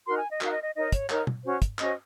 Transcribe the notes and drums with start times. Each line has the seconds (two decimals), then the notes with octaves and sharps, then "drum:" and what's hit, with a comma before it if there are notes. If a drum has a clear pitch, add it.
0.06 D#4 F#4 A#4 C6
0.18 G#5
0.29 D#5
0.41 D#4 F#4 A#4 F5, drum: clap
0.52 D#5
0.64 D#5
0.75 D#4 A#4 C#5 D#5
0.92 C#5, drum: kick, hi-hat
1.10 D#4 A#4 C#5, drum: clap
1.27 drum: tom
1.44 C#4 F#4 C5
1.62 drum: kick, hi-hat
1.79 C#4 F#4 C5 D#5, drum: clap